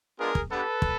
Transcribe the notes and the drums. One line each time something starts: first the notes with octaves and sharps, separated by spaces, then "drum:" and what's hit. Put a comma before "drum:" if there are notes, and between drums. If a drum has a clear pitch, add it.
G#3 B3 D4 F4 G#4 A#4
drum: kick
B3 D4 G4 A4 B4
drum: kick